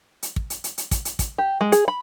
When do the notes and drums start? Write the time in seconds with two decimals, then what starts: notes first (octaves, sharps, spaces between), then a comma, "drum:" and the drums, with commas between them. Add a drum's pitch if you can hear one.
0.23 drum: hi-hat
0.36 drum: kick
0.50 drum: hi-hat
0.64 drum: hi-hat
0.78 drum: hi-hat
0.91 drum: kick, hi-hat
1.05 drum: hi-hat
1.19 drum: kick, hi-hat
1.38 G4
1.61 G#3
1.72 G#4, drum: hi-hat
1.88 B5